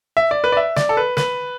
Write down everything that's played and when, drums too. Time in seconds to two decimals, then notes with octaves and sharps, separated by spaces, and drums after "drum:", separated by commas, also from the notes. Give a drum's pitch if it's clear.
0.17 E5
0.31 D5
0.44 B4
0.52 D5
0.57 E5
0.76 D5, drum: snare
0.89 A4
0.97 B4
1.17 B4, drum: snare